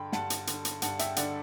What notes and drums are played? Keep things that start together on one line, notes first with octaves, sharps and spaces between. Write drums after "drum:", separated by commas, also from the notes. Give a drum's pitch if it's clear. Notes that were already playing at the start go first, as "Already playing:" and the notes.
Already playing: G2 D3 G5 B5 C6
G2 F#5 A5, drum: snare
drum: hi-hat
D3, drum: hi-hat
drum: hi-hat
G2 F#5 A5, drum: hi-hat
E5 G5, drum: hi-hat
D3 D5 F#5, drum: hi-hat